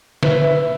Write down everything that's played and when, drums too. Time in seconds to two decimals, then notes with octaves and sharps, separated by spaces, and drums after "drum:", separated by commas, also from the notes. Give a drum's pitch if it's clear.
0.23 B4 E5, drum: snare
0.43 B4 E5